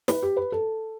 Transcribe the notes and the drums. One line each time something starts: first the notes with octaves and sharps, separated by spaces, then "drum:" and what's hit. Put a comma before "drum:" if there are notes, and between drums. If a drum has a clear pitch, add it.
B4, drum: snare
G4
B4
A4